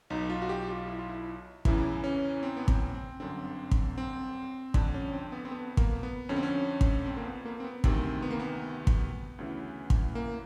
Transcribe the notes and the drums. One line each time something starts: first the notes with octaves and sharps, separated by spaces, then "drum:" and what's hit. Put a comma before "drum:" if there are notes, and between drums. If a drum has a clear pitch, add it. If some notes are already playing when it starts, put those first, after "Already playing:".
B1 B2 D#4
F4
F#4
G4
F4
E4
F4
E4
E2 C#3 E3 E4, drum: kick
C#4
C4
B3
C4, drum: kick
C4
G1 F#2 D3 C4
drum: kick
C4
F2 D3 D4, drum: kick
C#4
C4
B3
C4
B3
A#3, drum: kick
B3
F2 D3 C#4
C4
C#4
drum: kick
C4
A#3
B3
A#3
C4
B3
D2 C3 D#3 C4, drum: kick
B3
A#3
B3
drum: kick
D2 C#3 E3
drum: kick
A#3